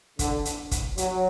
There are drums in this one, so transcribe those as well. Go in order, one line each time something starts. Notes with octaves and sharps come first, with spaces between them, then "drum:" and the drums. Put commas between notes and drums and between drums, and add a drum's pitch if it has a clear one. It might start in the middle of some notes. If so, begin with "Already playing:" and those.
D3, drum: kick, hi-hat
drum: hi-hat
drum: kick, hi-hat
F#3, drum: hi-hat